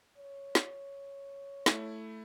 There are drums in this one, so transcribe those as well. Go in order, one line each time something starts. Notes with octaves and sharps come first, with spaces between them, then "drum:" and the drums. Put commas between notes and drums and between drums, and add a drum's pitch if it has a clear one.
C#5
drum: snare
A3 E4, drum: snare